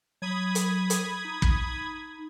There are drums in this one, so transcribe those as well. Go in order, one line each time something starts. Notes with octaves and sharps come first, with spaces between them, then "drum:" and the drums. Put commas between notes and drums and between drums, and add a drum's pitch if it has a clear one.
F#3 B5 D#6 G#6
drum: hi-hat
drum: hi-hat
D#4
drum: kick